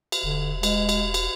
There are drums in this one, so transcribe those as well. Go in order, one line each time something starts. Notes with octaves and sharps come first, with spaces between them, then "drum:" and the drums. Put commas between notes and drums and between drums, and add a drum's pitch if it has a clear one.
drum: cymbal
E1 D3
G#3, drum: cymbal
drum: cymbal
drum: cymbal